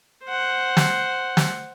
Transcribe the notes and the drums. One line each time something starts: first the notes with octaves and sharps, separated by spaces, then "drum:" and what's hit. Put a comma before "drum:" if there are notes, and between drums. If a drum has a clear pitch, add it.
C5 F#5
drum: snare
drum: snare